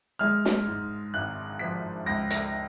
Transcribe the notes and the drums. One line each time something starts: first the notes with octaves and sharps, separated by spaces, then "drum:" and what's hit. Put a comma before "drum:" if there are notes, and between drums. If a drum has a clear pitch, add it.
G#3 F6
drum: snare
G#2
G#1 F#6
F3 B6
C#2 A#6
A#6, drum: hi-hat